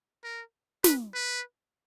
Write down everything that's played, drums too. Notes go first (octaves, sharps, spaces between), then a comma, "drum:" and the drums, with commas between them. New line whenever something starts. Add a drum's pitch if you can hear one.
A#4
B4, drum: snare
B4